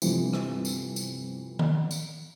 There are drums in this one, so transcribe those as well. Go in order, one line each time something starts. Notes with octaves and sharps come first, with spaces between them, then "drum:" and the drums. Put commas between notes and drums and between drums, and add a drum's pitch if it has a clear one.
G1 C3 E3 F3, drum: tambourine
drum: rim click
drum: tambourine
drum: tambourine
drum: tom D#3
drum: tambourine